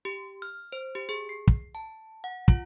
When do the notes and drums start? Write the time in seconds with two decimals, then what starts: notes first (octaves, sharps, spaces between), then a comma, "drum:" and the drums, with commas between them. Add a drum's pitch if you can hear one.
0.05 G4
0.42 F6
0.72 C5
0.95 G4
1.09 G#4
1.29 C7
1.47 drum: kick
1.75 A5
2.24 F#5
2.48 F4, drum: kick